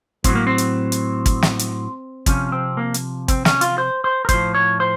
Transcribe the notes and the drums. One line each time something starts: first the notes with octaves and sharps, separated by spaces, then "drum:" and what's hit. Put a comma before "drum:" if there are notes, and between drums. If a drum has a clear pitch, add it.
A2 F#3 C4, drum: kick, hi-hat
A#3
C4
drum: hi-hat
drum: hi-hat
drum: kick, hi-hat
drum: snare
drum: hi-hat
C3 F3 C#4, drum: kick, hi-hat
C4
A#3
drum: hi-hat
C4, drum: kick, hi-hat
C#4, drum: snare
F4, drum: hi-hat
C5
C5
A#4
A2 F3 C5, drum: kick, hi-hat
C#5
C5